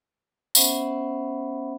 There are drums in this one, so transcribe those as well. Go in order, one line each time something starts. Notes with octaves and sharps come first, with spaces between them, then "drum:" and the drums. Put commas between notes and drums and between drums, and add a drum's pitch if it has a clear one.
B3 C#4 C5 E5 F#5 B5, drum: tambourine